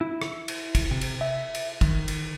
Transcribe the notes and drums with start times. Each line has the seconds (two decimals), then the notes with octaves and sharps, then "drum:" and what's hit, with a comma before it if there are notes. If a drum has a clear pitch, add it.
0.01 E4
0.22 drum: rim click
0.48 drum: cymbal
0.75 drum: kick, cymbal
0.91 C3
1.01 drum: cymbal
1.21 E5
1.55 drum: cymbal
1.81 D#3, drum: kick, cymbal
2.08 drum: cymbal